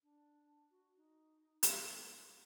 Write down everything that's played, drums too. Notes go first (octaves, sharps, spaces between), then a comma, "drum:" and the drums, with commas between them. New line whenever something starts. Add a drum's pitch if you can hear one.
D4
F#4
D#4
drum: hi-hat
A#3